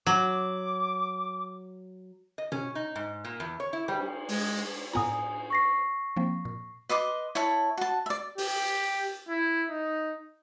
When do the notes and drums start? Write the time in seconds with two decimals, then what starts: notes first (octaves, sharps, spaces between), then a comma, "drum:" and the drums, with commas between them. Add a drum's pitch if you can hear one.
0.07 F#3 D6
2.38 D#5
2.52 C#4, drum: tom
2.75 D#4
2.96 G#2
3.25 A#2
3.40 E2
3.60 C#5
3.73 E4
3.88 G3, drum: cymbal
4.29 G#3, drum: open hi-hat
4.93 A2 B3 F4 G#5 A#5 D#6
5.50 C#6 A#6 C7
6.17 F3 A#3 C4
6.45 A#2
6.89 B4 D#5 C6 D6
7.35 E4 C#5 A5
7.77 F#4 A5
8.06 D5 E5
8.38 G4, drum: open hi-hat
9.29 E4
9.69 D#4